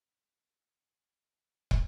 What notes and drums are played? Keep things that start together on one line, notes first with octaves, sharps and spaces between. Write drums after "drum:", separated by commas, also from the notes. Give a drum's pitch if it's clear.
G3
D3
A#2
D3
E3
D3
C3
drum: kick